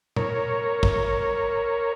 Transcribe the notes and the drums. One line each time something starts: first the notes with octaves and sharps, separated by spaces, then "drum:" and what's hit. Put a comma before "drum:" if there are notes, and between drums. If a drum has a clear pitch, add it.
A#4 C#5, drum: tom A#2
drum: kick